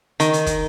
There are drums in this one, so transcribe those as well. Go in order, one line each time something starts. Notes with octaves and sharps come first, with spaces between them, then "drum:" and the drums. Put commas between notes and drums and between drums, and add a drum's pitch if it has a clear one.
D#3, drum: hi-hat
drum: hi-hat
drum: kick, hi-hat